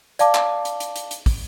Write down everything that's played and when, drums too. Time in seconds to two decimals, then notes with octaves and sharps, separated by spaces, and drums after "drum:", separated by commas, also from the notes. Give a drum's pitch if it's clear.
0.19 D5 F5 A5 D6, drum: hi-hat
0.35 drum: clap
0.65 drum: hi-hat
0.80 drum: hi-hat
0.96 drum: hi-hat
1.11 drum: hi-hat
1.26 drum: kick, open hi-hat